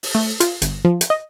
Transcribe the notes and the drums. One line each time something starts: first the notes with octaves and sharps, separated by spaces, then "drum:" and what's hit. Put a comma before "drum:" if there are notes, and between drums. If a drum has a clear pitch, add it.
drum: open hi-hat
A3
F4, drum: hi-hat
G1, drum: hi-hat
F3
drum: hi-hat
D#5